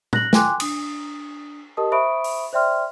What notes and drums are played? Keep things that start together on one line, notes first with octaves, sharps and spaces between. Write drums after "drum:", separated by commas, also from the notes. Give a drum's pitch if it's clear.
F#6 A#6 F#7, drum: tom
G5 G#5 C6 D6 F#6, drum: snare
D4 D#6, drum: cymbal
G4 A#4 D#5 A5 D#6
C5 E5 B5 C#6 D#6 D7
drum: open hi-hat
C5 D5 E5 G5 C6 F6